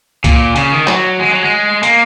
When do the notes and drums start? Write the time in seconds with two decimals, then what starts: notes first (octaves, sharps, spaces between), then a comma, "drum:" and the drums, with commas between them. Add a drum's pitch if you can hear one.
0.24 A#2, drum: kick C2, hi-hat
0.56 C#3, drum: hi-hat
0.72 D#3
0.87 F#3, drum: clap
1.19 G#3
1.31 F#3
1.42 G#3
1.83 A#3, drum: hi-hat